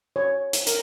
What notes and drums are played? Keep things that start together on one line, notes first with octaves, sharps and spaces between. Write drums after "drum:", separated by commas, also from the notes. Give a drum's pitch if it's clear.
C#5
drum: hi-hat
A#4, drum: hi-hat